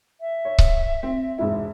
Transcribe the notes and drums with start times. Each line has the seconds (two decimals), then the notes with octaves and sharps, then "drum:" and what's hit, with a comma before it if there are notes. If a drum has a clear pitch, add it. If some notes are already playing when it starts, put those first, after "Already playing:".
0.20 E5
0.45 C#5
0.58 drum: kick C#1
1.03 C4
1.38 E1 G#2 E4